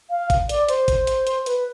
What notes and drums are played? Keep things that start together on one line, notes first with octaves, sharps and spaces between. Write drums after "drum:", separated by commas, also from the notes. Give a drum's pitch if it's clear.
F5
drum: kick G#1, hi-hat
D5, drum: hi-hat
C5, drum: hi-hat
drum: kick G#1, hi-hat
drum: hi-hat
drum: hi-hat
B4, drum: hi-hat